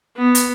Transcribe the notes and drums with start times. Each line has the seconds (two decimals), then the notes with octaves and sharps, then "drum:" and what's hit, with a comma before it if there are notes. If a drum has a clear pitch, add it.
0.16 B3
0.35 drum: hi-hat